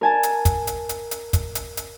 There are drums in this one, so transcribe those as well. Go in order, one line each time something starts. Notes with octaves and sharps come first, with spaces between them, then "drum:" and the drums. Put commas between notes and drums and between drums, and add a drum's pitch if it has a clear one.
A#4 G#5 A5
drum: hi-hat
drum: kick, hi-hat
drum: hi-hat
drum: hi-hat
drum: hi-hat
drum: kick, hi-hat
drum: hi-hat
drum: hi-hat